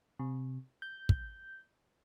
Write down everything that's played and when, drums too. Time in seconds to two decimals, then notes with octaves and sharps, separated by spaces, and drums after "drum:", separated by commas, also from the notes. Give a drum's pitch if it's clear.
0.19 C3
0.82 G6
1.09 drum: kick